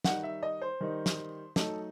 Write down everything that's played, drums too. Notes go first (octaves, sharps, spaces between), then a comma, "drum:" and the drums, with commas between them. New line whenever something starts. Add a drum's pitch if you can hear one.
D#3 G3 D#4 F#5, drum: snare
E5
D#5
C5
D#3 G3 D#4
drum: snare
F#3 A3 D#4 A4, drum: snare